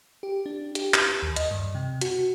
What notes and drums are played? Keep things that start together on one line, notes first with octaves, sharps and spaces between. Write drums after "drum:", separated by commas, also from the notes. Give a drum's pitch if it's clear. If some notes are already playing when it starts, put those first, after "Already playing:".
G4
D4
G4, drum: hi-hat
drum: clap
D#2
D#5, drum: hi-hat
G2
C3
F#4, drum: hi-hat